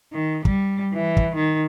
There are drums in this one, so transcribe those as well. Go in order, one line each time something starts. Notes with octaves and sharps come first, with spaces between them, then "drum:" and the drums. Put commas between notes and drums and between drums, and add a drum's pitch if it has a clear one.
D#3
G3, drum: kick
E3
drum: kick
D#3